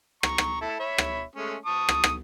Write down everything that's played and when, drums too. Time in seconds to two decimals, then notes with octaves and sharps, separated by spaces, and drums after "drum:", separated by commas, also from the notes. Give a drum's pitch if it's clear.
0.23 A#5 C#6, drum: rim click
0.38 drum: rim click
0.61 E4 A4
0.80 C#5 E5 B5
0.98 drum: rim click
1.36 G#3 A3 C#4
1.65 A5 C#6 D#6
1.89 drum: rim click
2.04 drum: rim click